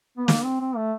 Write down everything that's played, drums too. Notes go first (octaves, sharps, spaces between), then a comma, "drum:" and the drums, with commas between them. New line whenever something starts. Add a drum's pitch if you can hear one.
B3
A#3, drum: snare
C4
C4
A3